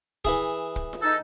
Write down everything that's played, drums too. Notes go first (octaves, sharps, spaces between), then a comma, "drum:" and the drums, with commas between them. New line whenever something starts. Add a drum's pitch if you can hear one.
E3 E4 G#4, drum: kick
drum: kick
drum: snare F4
D#4 A4